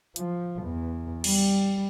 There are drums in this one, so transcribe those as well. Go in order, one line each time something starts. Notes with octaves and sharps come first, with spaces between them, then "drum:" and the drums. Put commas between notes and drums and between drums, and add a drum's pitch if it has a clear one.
F3, drum: hi-hat
E2
G3, drum: cymbal